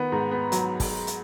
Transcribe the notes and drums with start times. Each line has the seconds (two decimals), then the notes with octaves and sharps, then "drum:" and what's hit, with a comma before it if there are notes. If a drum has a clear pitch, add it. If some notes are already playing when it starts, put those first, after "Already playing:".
Already playing: D#3 B3
0.12 G#2
0.31 B3
0.52 F#3, drum: hi-hat
0.80 drum: kick, open hi-hat
1.07 drum: hi-hat